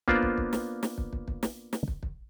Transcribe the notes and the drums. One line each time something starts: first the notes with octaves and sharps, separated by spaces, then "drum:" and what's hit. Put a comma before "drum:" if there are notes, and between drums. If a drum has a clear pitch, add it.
A#3 B3 D4 F4 C5 D5, drum: kick
drum: kick
drum: kick
drum: snare
drum: snare
drum: kick
drum: kick
drum: kick
drum: snare
drum: snare
drum: kick
drum: kick